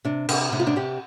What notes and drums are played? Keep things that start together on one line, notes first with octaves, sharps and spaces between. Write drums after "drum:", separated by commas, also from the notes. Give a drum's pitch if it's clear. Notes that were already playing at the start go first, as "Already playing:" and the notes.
C3 D4
C3, drum: cymbal
C3 D4
F4
D4
C3 G4